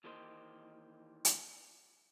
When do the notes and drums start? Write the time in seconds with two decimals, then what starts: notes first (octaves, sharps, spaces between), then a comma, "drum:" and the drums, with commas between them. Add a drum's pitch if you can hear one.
0.04 D#2 E3 A#3 G4 C5 D#5
1.25 drum: hi-hat